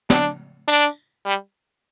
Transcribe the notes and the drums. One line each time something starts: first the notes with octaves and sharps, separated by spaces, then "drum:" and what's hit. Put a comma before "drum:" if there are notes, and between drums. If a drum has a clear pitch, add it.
D4, drum: snare
D4, drum: tambourine
G3